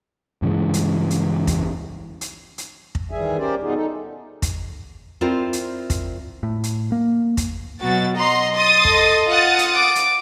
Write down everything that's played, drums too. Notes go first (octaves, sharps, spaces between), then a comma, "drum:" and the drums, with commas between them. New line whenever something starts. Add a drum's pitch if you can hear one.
G2 C#3 E3 G#3
drum: hi-hat
drum: hi-hat
drum: kick, hi-hat
drum: hi-hat
drum: hi-hat
drum: kick
D#3 E3 G3 G#4 E5 G#5
C#4 G4 A#4 C5 D5
B2 G3 B3 D#4 F4 G#4
D#4 A4
drum: kick, hi-hat
C4 E4 F4 A#4 C5 D5
drum: hi-hat
drum: kick, hi-hat
A2
drum: hi-hat
A#3
drum: kick, hi-hat
B2 F#3 F#4 A6
D#5 A#5 C6
C6 D#6 A6
A4 D#5, drum: kick
F4 F#5 D#6 A6
drum: hi-hat
D6
drum: hi-hat